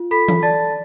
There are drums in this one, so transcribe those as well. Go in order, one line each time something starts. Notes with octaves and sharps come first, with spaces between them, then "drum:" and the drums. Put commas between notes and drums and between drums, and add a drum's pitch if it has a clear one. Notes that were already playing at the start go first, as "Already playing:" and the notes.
Already playing: F4
A4 B5 B6
drum: tom E3
D5 A5 A6